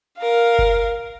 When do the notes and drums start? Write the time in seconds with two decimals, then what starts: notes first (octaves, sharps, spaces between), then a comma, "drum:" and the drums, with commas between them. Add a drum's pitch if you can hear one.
0.19 A#4 F5
0.59 drum: kick F#1